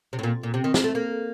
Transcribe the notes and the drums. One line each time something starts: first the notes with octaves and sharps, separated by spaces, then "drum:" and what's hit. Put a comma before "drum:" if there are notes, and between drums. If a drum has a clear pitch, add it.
C3
A2
A#2
A#2
C3
D#3
F3, drum: snare
A3
A#3